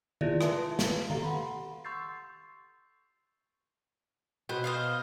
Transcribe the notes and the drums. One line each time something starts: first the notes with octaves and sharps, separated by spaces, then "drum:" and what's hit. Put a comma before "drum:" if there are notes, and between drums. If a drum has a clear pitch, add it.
E4 F4 G#4 D5 E5, drum: tom D#3
B4 E5 G#5 A5 C6, drum: rim click
B4, drum: snare
G4 A4 F5 A#5, drum: tom D#3
F#5 B5 C6
C6 C#6 E6 G6 A6 C7
B2 B4 C5
C5 D#5 F5